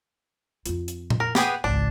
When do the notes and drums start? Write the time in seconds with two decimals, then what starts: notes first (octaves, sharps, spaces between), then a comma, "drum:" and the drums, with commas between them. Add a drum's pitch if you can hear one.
0.66 F2 F4, drum: hi-hat
0.88 drum: hi-hat
1.10 drum: tom A#2
1.20 A#4
1.35 B3 G4 G#4, drum: snare
1.64 G#1 C#2 D4